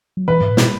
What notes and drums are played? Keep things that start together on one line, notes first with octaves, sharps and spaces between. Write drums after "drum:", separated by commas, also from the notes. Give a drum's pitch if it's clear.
F#3
E3 B4
G#2
A2
B2, drum: snare